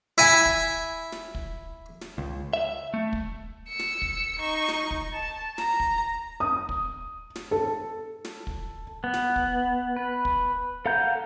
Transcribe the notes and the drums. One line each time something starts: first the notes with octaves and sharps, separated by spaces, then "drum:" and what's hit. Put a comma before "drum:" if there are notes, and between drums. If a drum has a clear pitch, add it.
E4 G#5
drum: kick
drum: snare
drum: kick
drum: snare
C#2
E5
A3
drum: kick
E6 C#7
drum: snare
drum: kick
D#4 C#6
drum: snare
drum: kick
A5
A#5, drum: snare
drum: kick
D#6
drum: kick
drum: snare
A4
drum: snare
drum: kick
B3
drum: snare
drum: kick
B4
drum: kick
A4 F5 F#5 A#5 G6